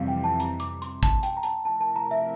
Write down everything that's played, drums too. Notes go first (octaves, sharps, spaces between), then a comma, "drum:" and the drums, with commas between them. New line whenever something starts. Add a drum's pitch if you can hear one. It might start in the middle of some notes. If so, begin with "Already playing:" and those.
Already playing: F2 C3 E3 G3 F5
G5
A5
A#5, drum: hi-hat
D6, drum: hi-hat
C6, drum: hi-hat
A5, drum: kick G#1, hi-hat
G5, drum: hi-hat
A#5
A5, drum: hi-hat
C3 F3 A3 E4 A#4 A5
A5
A#5
E5